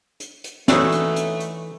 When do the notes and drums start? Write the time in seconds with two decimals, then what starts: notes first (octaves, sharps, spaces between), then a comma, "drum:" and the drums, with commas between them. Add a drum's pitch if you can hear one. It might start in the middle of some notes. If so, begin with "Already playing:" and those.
0.20 drum: hi-hat
0.44 drum: hi-hat
0.68 E3 A3 D4 D#4 F#4 C#5, drum: snare
0.92 drum: hi-hat
1.16 drum: hi-hat
1.40 drum: hi-hat